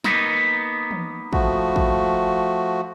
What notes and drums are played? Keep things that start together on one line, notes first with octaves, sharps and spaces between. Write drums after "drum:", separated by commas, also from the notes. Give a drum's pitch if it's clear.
A#3 B3 D#4, drum: snare
drum: tom E3
F3 A3 F#4, drum: kick
drum: kick